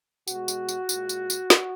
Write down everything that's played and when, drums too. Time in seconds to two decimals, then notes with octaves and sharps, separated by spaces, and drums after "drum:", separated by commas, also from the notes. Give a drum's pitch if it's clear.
0.28 B2 G#3 F#4, drum: tambourine
0.48 drum: tambourine
0.69 drum: tambourine
0.89 A#2 G#3, drum: tambourine
1.09 drum: tambourine
1.30 drum: tambourine
1.50 drum: snare